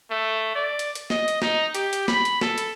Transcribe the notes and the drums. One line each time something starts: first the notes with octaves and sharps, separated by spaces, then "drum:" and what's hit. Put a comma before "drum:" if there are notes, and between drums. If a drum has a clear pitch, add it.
A3
D5
drum: hi-hat
drum: hi-hat
D#5, drum: snare
drum: hi-hat
D#4, drum: snare
G4, drum: hi-hat
drum: hi-hat
B5, drum: snare
drum: hi-hat
A4, drum: snare
drum: hi-hat